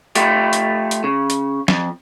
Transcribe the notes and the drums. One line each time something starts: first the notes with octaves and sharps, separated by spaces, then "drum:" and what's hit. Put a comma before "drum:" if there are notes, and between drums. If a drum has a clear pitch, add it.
A3 F4 G4, drum: hi-hat
drum: hi-hat
drum: hi-hat
C#3
drum: hi-hat
F2, drum: snare